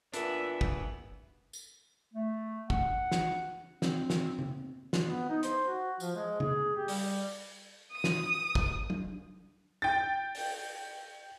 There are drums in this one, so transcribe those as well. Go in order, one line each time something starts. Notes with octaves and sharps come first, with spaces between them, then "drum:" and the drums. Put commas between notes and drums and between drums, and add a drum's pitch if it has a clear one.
A#2 E3 B3 D4 E5, drum: hi-hat
drum: kick
drum: tambourine
A3
F#5, drum: kick
drum: snare
C4, drum: snare
drum: snare
drum: tom
drum: snare
B3
D#4
C5, drum: hi-hat
F#4
F3, drum: tambourine
G#3
G#4, drum: tom
G4
G3, drum: open hi-hat
D#6 D#7
drum: snare
drum: kick
drum: tom
G5 A6
drum: open hi-hat